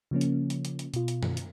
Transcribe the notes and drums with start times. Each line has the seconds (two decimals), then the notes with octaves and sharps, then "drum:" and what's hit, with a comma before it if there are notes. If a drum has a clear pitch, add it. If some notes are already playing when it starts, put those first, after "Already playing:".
0.11 C#3 F3 A#3 C#4
0.21 drum: hi-hat
0.50 drum: hi-hat
0.65 drum: hi-hat
0.79 drum: hi-hat
0.94 B2 F4, drum: hi-hat
1.08 drum: hi-hat
1.23 drum: tom
1.37 drum: hi-hat